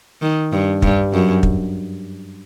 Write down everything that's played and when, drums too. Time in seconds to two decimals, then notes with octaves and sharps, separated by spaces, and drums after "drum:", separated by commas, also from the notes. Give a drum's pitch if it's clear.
0.22 D#3
0.52 G2
0.82 G2, drum: kick
1.13 F#2
1.43 drum: kick